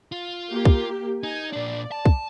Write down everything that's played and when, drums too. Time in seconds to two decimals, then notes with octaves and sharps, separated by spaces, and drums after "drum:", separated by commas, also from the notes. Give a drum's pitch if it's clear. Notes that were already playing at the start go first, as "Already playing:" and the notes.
0.12 F4
0.51 A#3 G4
0.65 drum: kick
1.23 D#4 G#5
1.53 A#2 D4 D5
1.92 A5
2.05 drum: kick